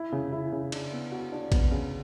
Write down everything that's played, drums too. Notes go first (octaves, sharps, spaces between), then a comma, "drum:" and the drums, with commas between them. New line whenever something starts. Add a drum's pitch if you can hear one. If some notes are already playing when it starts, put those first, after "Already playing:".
Already playing: E4
C#3
E4
C#3
D4, drum: cymbal
B3
F#4
D4
B3, drum: kick, cymbal
C#3